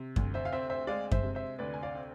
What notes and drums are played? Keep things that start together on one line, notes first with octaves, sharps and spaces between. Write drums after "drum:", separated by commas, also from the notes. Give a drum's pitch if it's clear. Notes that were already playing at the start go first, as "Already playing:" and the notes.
Already playing: C3
D2, drum: kick F#2
C5 E5
F5
C4 C5 E5
C5 E5
G#3 D5 F5
C5 E5, drum: kick F#2
C3
C5 E5
D2 B4 D5
G#5
D5 F5
C4